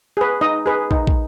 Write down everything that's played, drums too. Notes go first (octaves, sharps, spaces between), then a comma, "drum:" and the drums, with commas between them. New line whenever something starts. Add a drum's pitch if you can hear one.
G#4 B4
D#4 D#5
G#4 B4
D#4, drum: kick
drum: kick